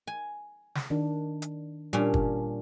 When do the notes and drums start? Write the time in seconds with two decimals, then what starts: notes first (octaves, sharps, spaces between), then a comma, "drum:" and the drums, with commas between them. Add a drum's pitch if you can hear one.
0.07 G#5
0.75 drum: snare
0.90 D#3 D4
1.42 drum: hi-hat
1.93 A#2 G3 C#4 D4
2.14 drum: kick